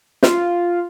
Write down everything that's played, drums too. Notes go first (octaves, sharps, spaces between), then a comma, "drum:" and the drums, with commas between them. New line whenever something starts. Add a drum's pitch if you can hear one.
F4, drum: snare